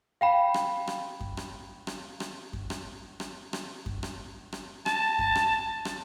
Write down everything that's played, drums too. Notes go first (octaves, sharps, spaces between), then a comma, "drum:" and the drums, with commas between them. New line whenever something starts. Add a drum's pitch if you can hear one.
F5 G5 B5
drum: rim click
drum: rim click
drum: kick F#2
drum: rim click
drum: rim click
drum: rim click
drum: kick F#2
drum: rim click
drum: rim click
drum: rim click
drum: kick F#2
drum: rim click
drum: rim click
A5, drum: rim click
drum: kick F#2
drum: rim click
drum: rim click